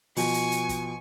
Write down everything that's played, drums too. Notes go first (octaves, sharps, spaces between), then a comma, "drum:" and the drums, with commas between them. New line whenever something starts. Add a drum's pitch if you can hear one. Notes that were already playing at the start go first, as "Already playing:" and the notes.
B2 F3 G#5 C#6, drum: open hi-hat
drum: hi-hat
drum: hi-hat
drum: kick, hi-hat